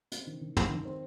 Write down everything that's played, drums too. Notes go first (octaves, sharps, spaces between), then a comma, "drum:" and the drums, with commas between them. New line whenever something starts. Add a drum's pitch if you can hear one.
C4, drum: hi-hat
D#3
D#3
D#3, drum: tom
D#3
C4